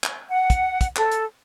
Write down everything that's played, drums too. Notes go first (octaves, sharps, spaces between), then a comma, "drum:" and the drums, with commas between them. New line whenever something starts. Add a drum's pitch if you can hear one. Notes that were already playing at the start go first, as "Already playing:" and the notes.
drum: clap
F#5
drum: kick, hi-hat
drum: kick, hi-hat
A4, drum: clap
drum: hi-hat